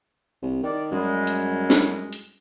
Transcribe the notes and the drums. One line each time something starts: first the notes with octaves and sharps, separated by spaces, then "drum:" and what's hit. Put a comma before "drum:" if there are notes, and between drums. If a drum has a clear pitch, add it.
C2
D#3 D5
F#2 G3 G#3
drum: hi-hat
drum: snare
drum: hi-hat